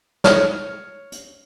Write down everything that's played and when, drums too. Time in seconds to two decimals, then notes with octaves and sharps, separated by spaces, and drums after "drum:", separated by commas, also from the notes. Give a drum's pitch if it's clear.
0.24 C#5 F6, drum: snare
1.12 drum: hi-hat